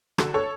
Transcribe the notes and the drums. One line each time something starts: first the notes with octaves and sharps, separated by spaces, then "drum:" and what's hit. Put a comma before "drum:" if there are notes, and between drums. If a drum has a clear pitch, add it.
D3 F#4 A4, drum: rim click
A4 C#5